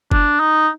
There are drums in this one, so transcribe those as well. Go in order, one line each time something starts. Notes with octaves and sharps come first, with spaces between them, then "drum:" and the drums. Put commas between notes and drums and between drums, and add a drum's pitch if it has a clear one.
D4, drum: kick F#1
D#4